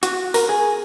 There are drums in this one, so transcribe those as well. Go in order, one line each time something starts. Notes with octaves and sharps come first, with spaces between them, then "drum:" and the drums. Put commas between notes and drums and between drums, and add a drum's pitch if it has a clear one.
F#4, drum: hi-hat
A#4, drum: open hi-hat
G#4